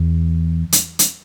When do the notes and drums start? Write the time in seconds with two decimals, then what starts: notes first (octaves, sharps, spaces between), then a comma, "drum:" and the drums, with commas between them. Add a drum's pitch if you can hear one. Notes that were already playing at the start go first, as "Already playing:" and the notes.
Already playing: E2
0.72 drum: hi-hat
0.99 drum: hi-hat